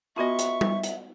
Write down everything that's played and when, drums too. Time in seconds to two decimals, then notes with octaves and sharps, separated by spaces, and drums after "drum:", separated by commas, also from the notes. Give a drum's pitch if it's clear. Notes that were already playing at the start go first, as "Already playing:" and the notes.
0.16 B3 F4 F#4 B4 D#5 E5 A5 C#6
0.39 drum: hi-hat
0.61 drum: tom G3
0.83 drum: hi-hat